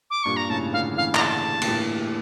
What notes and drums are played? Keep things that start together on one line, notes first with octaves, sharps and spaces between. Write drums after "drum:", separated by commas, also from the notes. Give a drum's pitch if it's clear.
D6
G2 A#2 C#6
A#5
A2 C#3 A5
A#2 D3 F5
C#3 E3 F5
A#5, drum: clap
A5
A#2, drum: cymbal
A2